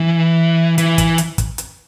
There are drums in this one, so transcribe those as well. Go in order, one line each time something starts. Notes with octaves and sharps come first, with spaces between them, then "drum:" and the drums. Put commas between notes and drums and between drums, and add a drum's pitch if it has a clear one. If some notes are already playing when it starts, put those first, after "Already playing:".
Already playing: E3
E3, drum: hi-hat
drum: kick, hi-hat
drum: hi-hat
drum: kick, hi-hat
drum: hi-hat